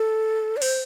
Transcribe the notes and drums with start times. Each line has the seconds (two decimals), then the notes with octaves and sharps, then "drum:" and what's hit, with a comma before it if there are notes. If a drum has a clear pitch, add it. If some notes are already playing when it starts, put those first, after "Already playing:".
Already playing: A4
0.57 D5
0.62 C5, drum: open hi-hat